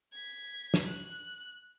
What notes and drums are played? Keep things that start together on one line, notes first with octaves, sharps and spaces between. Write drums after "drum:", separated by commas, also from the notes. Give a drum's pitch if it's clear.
G#6 B6
drum: snare
F#6